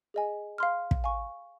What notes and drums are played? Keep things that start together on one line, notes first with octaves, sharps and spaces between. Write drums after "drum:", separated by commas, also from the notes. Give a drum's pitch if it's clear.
G#4 D#5 G#5
F5 C6 F6
drum: kick
F5 G#5 C#6